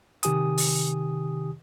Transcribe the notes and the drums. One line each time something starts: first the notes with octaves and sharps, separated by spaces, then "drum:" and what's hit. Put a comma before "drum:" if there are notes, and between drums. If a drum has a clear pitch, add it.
C3 D#3 G4 G#5 D#6, drum: hi-hat
drum: open hi-hat